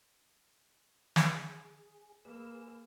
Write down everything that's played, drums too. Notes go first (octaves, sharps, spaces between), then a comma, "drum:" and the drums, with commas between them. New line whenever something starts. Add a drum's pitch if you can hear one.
G#4, drum: snare
A#3 G#4 B4 E6